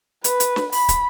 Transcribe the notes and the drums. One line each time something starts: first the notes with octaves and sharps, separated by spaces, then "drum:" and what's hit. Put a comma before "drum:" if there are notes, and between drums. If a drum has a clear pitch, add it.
B4, drum: hi-hat
drum: hi-hat
drum: snare
B5, drum: open hi-hat
drum: kick, hi-hat